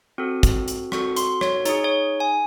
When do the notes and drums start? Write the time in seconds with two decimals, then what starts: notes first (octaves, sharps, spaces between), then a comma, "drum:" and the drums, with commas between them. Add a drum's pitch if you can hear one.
0.18 C4 F#4 A4
0.43 drum: kick, hi-hat
0.68 drum: hi-hat
0.92 C4 F#4 A4 C#6, drum: rim click
1.16 C6, drum: hi-hat
1.41 C#5, drum: rim click
1.65 D#4 G#4 C#5, drum: hi-hat
1.84 C#5
2.20 G#5